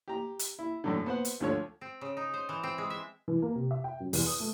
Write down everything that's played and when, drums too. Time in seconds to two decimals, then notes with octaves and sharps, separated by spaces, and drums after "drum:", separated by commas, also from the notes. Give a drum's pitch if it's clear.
0.08 G4 A#5
0.39 drum: hi-hat
0.59 E4
0.84 F#2 A2 D3
1.06 B3 C5 F#5
1.25 drum: hi-hat
1.40 D2 D3 F3 C#5
1.81 C4
2.01 C#3
2.17 D#4
2.34 C5
2.49 E3
2.63 C4
2.78 G#3
2.90 E5
3.28 E3
3.42 A#3
3.55 C3
3.71 E5
3.84 G5
4.00 F#2
4.13 E2, drum: open hi-hat
4.27 D#6
4.40 A3